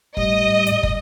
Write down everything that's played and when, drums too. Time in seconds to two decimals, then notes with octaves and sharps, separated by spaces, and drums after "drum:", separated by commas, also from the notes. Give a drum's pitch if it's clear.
0.17 A2 G3 D#5, drum: kick
0.67 drum: hi-hat
0.83 drum: kick